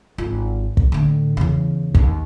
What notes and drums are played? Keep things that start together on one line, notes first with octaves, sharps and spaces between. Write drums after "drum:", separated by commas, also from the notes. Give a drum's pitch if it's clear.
G#1 F4
drum: kick
A2 D3
E2 C#3
D#2, drum: kick